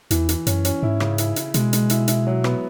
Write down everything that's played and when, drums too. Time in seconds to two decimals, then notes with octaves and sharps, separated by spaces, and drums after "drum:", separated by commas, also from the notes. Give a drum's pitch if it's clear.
0.11 E2 E3, drum: hi-hat
0.29 E3, drum: hi-hat
0.47 F#2 C#4, drum: hi-hat
0.65 C#4, drum: hi-hat
0.83 G#2 E4
1.00 C#3, drum: rim click
1.18 E4, drum: hi-hat
1.36 E4, drum: hi-hat
1.54 B2 G#3, drum: hi-hat
1.73 G#3, drum: hi-hat
1.90 E4, drum: hi-hat
2.08 E4, drum: hi-hat
2.27 F#3
2.44 B3, drum: rim click